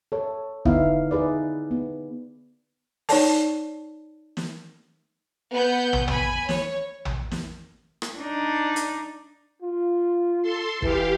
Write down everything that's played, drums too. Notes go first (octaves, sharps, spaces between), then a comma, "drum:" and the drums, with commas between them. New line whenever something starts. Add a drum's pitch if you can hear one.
A4 C#5
D3 B3 D#4 E4 E5 F5, drum: kick
D#4 G#4 B4 D5
B3
D#4 C#5 D5 A5, drum: open hi-hat
drum: snare
B3 F#5 G6
drum: tom
G#5 B5, drum: tom
C#5, drum: snare
drum: tom
drum: snare
drum: rim click
D4 D#4
drum: hi-hat
F4
A4 C6
E3 G4 F5, drum: kick